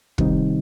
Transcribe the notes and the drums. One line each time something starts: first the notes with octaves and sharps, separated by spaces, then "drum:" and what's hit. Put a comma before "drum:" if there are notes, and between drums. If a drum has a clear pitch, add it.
C3 D#3 G3 C4 D#4, drum: kick